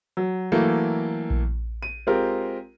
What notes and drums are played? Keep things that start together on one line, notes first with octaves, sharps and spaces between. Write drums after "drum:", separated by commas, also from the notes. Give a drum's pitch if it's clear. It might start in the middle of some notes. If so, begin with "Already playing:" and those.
F#3
E3 F#3 A3 A#3
drum: kick A#1
D#7
G#3 C4 F4 G4 A#4